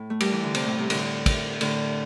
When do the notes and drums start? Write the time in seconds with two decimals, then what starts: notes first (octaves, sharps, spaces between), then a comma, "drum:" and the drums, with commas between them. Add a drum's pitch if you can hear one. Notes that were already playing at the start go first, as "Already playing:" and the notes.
Already playing: A2
0.10 A3
0.20 G3, drum: cymbal
0.32 E3
0.44 D3
0.55 C3, drum: cymbal
0.66 A2
0.79 C3
0.90 A2 D3, drum: cymbal
1.26 drum: kick, cymbal
1.61 A2 D3, drum: cymbal